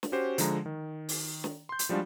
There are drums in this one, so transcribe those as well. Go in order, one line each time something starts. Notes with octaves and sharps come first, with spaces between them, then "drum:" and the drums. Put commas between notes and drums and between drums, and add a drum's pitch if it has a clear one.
drum: snare
C#4 F#4 G4 C5
D3 F3 G#3 A#5, drum: hi-hat
D#3
drum: open hi-hat
drum: snare
C6 G6
drum: hi-hat
F3 G3 G#3 D4 F4 F#4